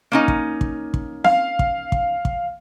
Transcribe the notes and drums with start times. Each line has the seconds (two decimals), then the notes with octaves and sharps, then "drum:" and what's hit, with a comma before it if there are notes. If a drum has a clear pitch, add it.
0.12 A#3 C#4 D#4
0.28 drum: kick
0.61 drum: kick
0.94 drum: kick
1.24 F5, drum: snare C4
1.59 drum: kick
1.92 drum: kick
2.25 drum: kick